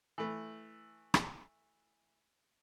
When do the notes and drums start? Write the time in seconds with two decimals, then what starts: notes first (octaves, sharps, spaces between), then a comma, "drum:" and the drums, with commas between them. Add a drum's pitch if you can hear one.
0.18 E3 A3
1.14 drum: rim click